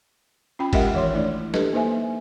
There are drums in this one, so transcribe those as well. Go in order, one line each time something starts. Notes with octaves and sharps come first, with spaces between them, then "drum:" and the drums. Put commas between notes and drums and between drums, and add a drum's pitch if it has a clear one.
C#4 F4 G5 B5
G#3 G4 A#4 D#5 E5 F#5, drum: kick, cymbal
D#3 E3 C#5 C6
A3 D4 E4 D5
D4 G4 A4 B4 D#5, drum: snare
A#3 D#4 C5 E5 G#5